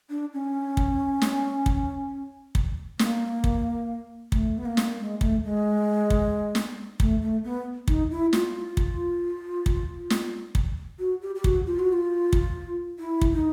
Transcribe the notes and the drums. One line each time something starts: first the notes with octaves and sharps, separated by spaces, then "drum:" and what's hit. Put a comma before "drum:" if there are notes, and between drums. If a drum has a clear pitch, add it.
D4
C#4
drum: kick
drum: snare
drum: kick
drum: kick
A#3, drum: snare
drum: kick
A3, drum: kick
B3
A#3
drum: snare
G#3
A3, drum: kick
G#3
drum: kick
drum: snare
A3, drum: kick
A3
B3
D#4, drum: kick
E4
F4, drum: snare
drum: kick
drum: kick
drum: snare
drum: kick
F#4
G4
G4
F#4, drum: kick
F4
F#4
F4
drum: kick
E4
drum: kick
D#4